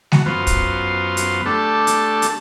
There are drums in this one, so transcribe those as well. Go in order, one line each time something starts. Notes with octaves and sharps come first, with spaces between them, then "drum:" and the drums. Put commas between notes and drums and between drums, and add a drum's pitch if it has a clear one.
F#4, drum: snare G#3
F#2 B3 F4 C5
drum: kick, hi-hat
drum: hi-hat
A3 D4 G4 A4
drum: hi-hat
drum: hi-hat